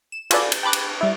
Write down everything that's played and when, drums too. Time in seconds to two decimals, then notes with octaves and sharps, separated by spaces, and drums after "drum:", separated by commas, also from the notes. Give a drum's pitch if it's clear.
0.12 E7
0.31 F4 F#4 G#4 A4 B4 D5, drum: cymbal
0.52 drum: cymbal
0.63 G5 A5 B5 D6 F#6
0.73 drum: cymbal
1.01 G3 E4